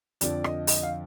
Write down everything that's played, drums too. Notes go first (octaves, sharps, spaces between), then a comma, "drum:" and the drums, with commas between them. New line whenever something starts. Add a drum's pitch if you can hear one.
F2 D3 F3 D5, drum: hi-hat
D#5, drum: rim click
D#5, drum: open hi-hat
F5